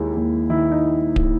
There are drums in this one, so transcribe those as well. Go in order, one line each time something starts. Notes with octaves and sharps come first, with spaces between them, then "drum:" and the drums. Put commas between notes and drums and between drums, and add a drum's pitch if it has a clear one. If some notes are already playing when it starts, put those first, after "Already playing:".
Already playing: D#2 D#3 G#3 E4
D#2
D#3 E4
D#4
drum: kick D1